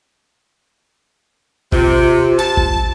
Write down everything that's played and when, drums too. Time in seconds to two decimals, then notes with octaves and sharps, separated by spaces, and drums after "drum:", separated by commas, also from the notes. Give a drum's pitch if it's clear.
1.72 C3 F4, drum: kick
2.39 A5, drum: hi-hat
2.57 drum: kick